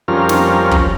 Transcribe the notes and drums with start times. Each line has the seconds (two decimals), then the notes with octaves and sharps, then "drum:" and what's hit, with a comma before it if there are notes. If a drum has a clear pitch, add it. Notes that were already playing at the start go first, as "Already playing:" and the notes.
0.08 F2 F3 G3 C#4 A#4 F6
0.29 drum: snare
0.71 drum: kick